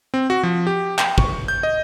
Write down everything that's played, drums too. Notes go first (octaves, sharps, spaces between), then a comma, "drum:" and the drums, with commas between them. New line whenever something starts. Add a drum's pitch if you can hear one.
C4
F#4
F3
G4
G5, drum: clap
C#6, drum: kick
G6
D#5